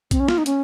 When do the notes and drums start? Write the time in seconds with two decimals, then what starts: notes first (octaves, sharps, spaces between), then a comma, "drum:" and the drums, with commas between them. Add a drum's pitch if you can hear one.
0.11 C4, drum: kick, hi-hat
0.20 C#4
0.28 F4, drum: snare
0.38 D#4
0.46 C#4, drum: hi-hat